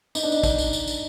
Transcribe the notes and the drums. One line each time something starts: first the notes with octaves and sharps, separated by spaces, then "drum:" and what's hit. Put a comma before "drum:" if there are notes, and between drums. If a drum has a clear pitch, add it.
D#4, drum: tambourine
D4
D#4, drum: tambourine
D4, drum: kick, tambourine
drum: tambourine
drum: tambourine
drum: tambourine